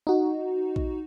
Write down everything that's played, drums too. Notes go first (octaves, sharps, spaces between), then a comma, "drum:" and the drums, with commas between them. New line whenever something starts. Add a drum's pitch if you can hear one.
D#4 F#4
drum: kick A#1